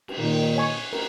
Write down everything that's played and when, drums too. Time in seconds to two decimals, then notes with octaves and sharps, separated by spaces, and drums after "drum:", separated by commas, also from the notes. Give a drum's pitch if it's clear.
0.08 drum: cymbal
0.19 A#2 D#3 A#4
0.56 C#5 G#5 C#6
0.93 A#4, drum: cymbal